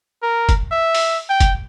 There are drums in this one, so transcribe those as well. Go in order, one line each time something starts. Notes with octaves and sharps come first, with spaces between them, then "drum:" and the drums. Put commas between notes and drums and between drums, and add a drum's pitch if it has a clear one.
A#4
drum: kick, hi-hat
E5
drum: open hi-hat
G5
drum: kick, hi-hat